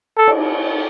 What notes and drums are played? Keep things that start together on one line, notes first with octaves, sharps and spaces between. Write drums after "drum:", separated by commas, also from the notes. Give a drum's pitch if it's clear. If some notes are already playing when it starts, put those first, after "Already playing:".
A4
drum: cymbal